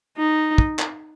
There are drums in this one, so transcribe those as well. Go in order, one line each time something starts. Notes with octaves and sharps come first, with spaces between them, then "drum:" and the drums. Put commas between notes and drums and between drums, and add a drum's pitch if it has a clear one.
D#4
drum: kick
drum: clap